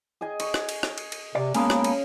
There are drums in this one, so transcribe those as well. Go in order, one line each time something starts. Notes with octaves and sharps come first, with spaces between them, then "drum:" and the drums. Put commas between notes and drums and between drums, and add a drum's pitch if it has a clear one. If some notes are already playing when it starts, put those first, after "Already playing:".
G#4 D#5 G#5
C#6, drum: cymbal
drum: rim click
drum: cymbal
drum: rim click
drum: cymbal
drum: cymbal
C3 D5
C#3 G#3 A#3 B3 G#5 A5, drum: cymbal
drum: rim click
drum: cymbal